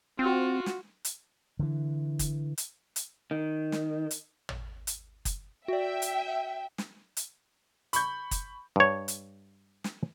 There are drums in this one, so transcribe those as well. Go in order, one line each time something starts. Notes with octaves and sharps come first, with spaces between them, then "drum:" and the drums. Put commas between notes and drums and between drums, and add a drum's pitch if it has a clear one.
C4 F4 F#4
drum: snare
drum: hi-hat
D3 E3
drum: kick F#1, hi-hat
drum: hi-hat
drum: hi-hat
D#3
drum: snare
drum: hi-hat
drum: tom
drum: hi-hat
drum: kick F#1, hi-hat
F#4 D5 E5 G5
drum: hi-hat
drum: snare
drum: hi-hat
B5 C#6 G6, drum: hi-hat
drum: kick F#1, hi-hat
G2 C#5
drum: hi-hat
drum: snare